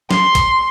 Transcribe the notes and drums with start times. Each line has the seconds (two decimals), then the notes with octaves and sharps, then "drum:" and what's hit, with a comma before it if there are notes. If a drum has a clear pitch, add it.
0.11 C6, drum: snare
0.35 drum: kick A1, hi-hat